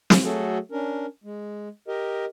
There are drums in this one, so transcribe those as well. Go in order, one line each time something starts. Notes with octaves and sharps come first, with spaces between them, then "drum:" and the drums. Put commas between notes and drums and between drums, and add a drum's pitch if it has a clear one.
drum: snare
F#3 A3 F#4 G#4 A4
C#4 D4 A#4
G#3
G4 A#4 D#5